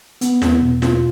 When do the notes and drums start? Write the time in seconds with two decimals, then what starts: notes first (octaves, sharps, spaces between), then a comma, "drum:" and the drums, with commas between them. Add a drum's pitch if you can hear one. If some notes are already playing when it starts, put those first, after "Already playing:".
0.21 B3, drum: hi-hat
0.42 E2, drum: snare
0.61 B2
0.82 F4, drum: snare